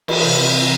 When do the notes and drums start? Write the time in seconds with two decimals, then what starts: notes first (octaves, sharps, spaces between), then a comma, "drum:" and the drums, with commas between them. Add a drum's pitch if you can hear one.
0.08 E3, drum: cymbal
0.23 C3
0.39 C4
0.55 E3